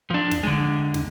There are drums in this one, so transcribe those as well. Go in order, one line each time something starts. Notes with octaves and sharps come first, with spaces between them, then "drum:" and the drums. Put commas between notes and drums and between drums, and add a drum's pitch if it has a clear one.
F3 D4
drum: snare
D3 G#3
drum: snare